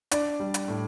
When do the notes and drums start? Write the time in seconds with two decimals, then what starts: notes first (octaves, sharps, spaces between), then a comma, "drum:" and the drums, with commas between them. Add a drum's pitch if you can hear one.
0.11 D4 D5, drum: hi-hat
0.40 G3
0.54 drum: hi-hat
0.68 A2